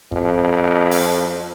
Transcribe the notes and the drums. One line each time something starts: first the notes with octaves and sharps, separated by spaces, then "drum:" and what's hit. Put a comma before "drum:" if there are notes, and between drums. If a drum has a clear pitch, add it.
F2, drum: kick
drum: open hi-hat